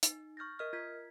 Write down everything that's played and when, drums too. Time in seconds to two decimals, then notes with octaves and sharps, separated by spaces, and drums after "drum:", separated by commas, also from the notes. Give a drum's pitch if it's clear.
0.03 D#4, drum: hi-hat
0.37 C#6 F6 G6 A6 A#6
0.59 A#4 D#5 E5 F6
0.73 F4 G#6 B6